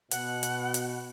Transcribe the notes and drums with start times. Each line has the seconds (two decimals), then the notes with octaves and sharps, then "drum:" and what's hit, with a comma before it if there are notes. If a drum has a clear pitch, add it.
0.11 B2 F#5, drum: hi-hat
0.43 drum: hi-hat
0.74 drum: hi-hat